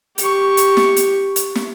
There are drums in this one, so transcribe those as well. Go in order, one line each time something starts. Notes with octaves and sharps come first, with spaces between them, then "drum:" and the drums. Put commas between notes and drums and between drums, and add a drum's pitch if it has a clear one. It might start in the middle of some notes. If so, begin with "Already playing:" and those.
G4 C#6, drum: hi-hat
drum: hi-hat
drum: snare
drum: hi-hat
drum: hi-hat
drum: snare